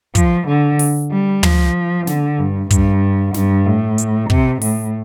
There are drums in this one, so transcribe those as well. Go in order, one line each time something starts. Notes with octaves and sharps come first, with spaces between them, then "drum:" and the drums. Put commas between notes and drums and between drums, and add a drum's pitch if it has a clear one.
F3, drum: kick, hi-hat
D3
drum: open hi-hat
G3
F3, drum: tom
D3, drum: snare
G2
G2, drum: kick, hi-hat
G2, drum: snare
A2
drum: hi-hat
C3, drum: kick
A2, drum: open hi-hat